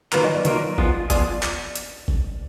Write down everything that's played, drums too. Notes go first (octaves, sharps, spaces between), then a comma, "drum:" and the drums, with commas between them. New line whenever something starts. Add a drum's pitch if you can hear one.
D#3 F#3 A#3 F4 A#4 B4, drum: clap
D#5
D5
D#3 F#3 A#3 F4 A#4, drum: hi-hat
F3 B3 F4 G#4, drum: kick
F3 B3 F4 G#4 D5, drum: kick, hi-hat
drum: clap
drum: hi-hat
drum: kick